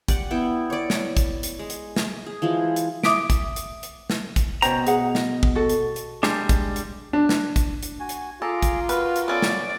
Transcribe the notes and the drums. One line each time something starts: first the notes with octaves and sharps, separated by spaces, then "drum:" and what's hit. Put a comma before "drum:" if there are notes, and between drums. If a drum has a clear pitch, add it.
G4 D5 F#5, drum: kick, hi-hat
B3 E4 E5 G5
C#5 D5
drum: snare
drum: kick, hi-hat
drum: hi-hat
G#3
drum: hi-hat
drum: snare
G#4
E3 F3 G#3
drum: hi-hat
E5 D6 D#6 B6 D7, drum: snare
drum: kick, hi-hat
drum: hi-hat
drum: hi-hat
drum: snare
drum: kick, hi-hat
B2 C#4 C5 G5 A#5, drum: hi-hat
G#4 F#5, drum: hi-hat
D#5, drum: snare
drum: kick
F#4 A4
drum: hi-hat
drum: hi-hat
G3 G#3 D4, drum: snare
drum: kick, hi-hat
drum: hi-hat
D4
drum: snare
drum: kick, hi-hat
drum: hi-hat
F#4 G#5
drum: hi-hat
F4 G#4 A4 A#5 D6
drum: kick, hi-hat
F#4 A#4 B4, drum: hi-hat
drum: hi-hat
B3 C#4 A4 D5
drum: snare